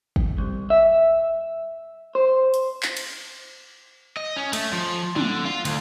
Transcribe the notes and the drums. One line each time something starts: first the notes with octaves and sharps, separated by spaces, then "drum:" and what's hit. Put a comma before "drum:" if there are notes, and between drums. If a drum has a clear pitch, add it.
drum: kick
C2
E5
C5
drum: hi-hat
drum: clap
drum: cymbal
D#5
C#4
A3, drum: cymbal
F3
D3, drum: tom
F4
D2, drum: cymbal